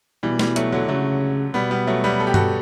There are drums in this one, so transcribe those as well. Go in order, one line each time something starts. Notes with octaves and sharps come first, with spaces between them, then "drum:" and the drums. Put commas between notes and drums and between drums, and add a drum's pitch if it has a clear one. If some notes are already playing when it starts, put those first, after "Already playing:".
B2 E3 G3
E3 G3, drum: snare
F#3 A3, drum: hi-hat
D3 F#3
C#3 F#3 A3
B2 G3 B3
G3 B3
F#3 A3
G3 B3
A4
G4
F#4 A4, drum: tom G2